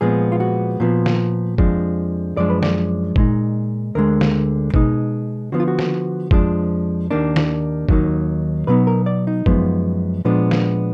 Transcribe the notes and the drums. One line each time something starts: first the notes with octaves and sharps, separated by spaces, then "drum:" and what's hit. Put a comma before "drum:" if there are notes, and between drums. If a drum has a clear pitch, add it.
A#2 F3 G#3 B3 G#4
F4
F#4
A#2 F3 B3
drum: snare
F2 F3 G#3 D4, drum: kick
F#2 F3 G#3 D4 D5
B4
D5, drum: snare
A#2 G#3 D#4, drum: kick
D2 D3 G#3 A#4
drum: snare
B2 G#3 D#4, drum: kick
D3 F3 B3 F#4
F4
F#4
drum: snare
F2 F3 G#3 B3 D4, drum: kick
D#2 D#3 A#3 D4
drum: snare
D#2 D#3 F#3 A#3 D#4, drum: kick
B2 F#3 B3 D#4 B4
A#4
D5
D#4
F#2 F3 G#3 B3, drum: kick
A#2 F3 G#3 B3 D4
drum: snare